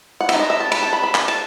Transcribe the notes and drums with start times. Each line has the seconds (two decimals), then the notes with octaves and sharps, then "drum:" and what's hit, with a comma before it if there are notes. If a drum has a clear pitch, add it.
0.21 F#5
0.29 G3 D#4 E5, drum: cymbal
0.39 D#5
0.50 E5
0.60 A5
0.72 B5, drum: cymbal
0.83 A5
0.93 B5
1.03 B5
1.15 B5, drum: clap
1.28 A5, drum: cymbal